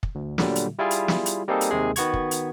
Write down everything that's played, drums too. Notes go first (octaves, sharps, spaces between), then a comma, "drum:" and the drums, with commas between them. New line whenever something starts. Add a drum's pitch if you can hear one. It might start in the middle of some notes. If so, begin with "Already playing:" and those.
drum: kick
D2
A#2 D3 F#3 G3, drum: snare
drum: hi-hat
G3 E4 F4 G#4
drum: hi-hat
drum: snare
drum: hi-hat
G3 A#3 C4 D#4 G#4 A4
drum: hi-hat
D#2 C3 D#3 G#3 G#4
D#3 B3 F#4 C#6 G#6, drum: hi-hat
drum: kick
drum: hi-hat